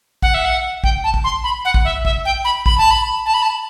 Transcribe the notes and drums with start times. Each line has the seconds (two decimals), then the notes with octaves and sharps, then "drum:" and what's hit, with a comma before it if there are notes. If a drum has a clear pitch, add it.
0.22 F#5, drum: kick A#1
0.34 E5
0.45 F#5
0.84 G5, drum: kick A#1
1.04 A5
1.14 drum: kick A#1
1.24 C6
1.44 B5
1.65 F#5
1.74 drum: kick A#1
1.85 E5
2.05 E5, drum: kick A#1
2.25 G5
2.45 B5
2.66 B5, drum: kick A#1
2.78 A5
2.91 B5
3.26 A5
3.34 B5
3.42 A5